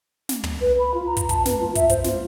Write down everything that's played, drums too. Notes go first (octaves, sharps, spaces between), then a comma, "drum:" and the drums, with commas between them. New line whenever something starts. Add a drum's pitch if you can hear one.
drum: snare
drum: tom
B4
B5
F4
A#5
drum: kick, hi-hat
A5, drum: kick, hi-hat
B4, drum: snare
F4
E5, drum: kick, hi-hat
C5, drum: kick, hi-hat
F4, drum: snare